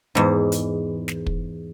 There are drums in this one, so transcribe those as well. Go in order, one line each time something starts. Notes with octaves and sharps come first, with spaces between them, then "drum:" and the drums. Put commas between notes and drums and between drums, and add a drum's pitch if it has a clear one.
E2 G#2
drum: hi-hat
drum: snare
drum: kick